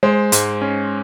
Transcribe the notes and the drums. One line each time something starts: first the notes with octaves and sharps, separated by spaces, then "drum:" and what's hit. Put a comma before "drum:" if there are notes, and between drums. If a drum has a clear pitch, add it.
G#3 C5
G#2, drum: hi-hat
C#4